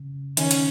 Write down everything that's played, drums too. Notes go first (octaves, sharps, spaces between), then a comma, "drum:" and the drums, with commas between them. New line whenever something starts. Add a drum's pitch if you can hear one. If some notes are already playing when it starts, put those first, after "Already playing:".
Already playing: C#3
D#3 C#4, drum: hi-hat
drum: hi-hat